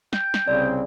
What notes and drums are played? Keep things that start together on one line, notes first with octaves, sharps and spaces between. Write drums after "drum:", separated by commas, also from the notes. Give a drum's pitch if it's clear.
G5, drum: snare
drum: snare
C2 C#3 C4 D5